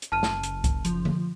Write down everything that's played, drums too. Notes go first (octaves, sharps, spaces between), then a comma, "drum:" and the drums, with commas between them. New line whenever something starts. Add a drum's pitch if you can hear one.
drum: hi-hat
F#1 A5 F6 D#7
drum: snare
drum: hi-hat
drum: kick C2, hi-hat
F3, drum: hi-hat
drum: tom D3